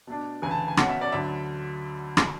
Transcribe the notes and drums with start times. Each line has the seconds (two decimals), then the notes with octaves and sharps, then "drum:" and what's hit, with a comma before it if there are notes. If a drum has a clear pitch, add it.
0.07 B2 A3 D4
0.42 D2 C#3 E3 G#5
0.51 A5
0.68 G#5
0.77 B2 A3 C#4 F#5, drum: rim click
0.89 E5
1.01 D5
1.12 D2 D3 F#3 E5
2.17 drum: rim click